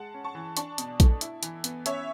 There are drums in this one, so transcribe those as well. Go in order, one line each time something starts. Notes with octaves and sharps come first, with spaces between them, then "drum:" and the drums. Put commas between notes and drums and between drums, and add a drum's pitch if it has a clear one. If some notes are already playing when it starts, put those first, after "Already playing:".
Already playing: G#3 F#5 A5
C#4
A5 C#6
E3
D4 A5 C#6, drum: hi-hat
B2, drum: hi-hat
A3, drum: kick A#1, hi-hat
E4, drum: hi-hat
E3, drum: hi-hat
B3, drum: hi-hat
C#4 C#5 E5, drum: hi-hat